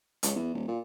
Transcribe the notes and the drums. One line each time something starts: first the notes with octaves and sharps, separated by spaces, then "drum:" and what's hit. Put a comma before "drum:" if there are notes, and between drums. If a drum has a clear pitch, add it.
C#2, drum: hi-hat
E2
D#1
A#2